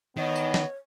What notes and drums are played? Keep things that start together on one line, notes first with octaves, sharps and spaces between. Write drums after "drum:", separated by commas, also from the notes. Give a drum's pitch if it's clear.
D#3 E3 B3 C#5 D#5
drum: tambourine
drum: snare